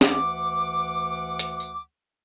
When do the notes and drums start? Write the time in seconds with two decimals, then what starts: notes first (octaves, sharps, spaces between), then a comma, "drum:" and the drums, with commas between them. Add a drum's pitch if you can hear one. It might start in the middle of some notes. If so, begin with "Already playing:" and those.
0.01 D2 E3 F#5 D6, drum: snare
1.39 drum: hi-hat
1.60 drum: tambourine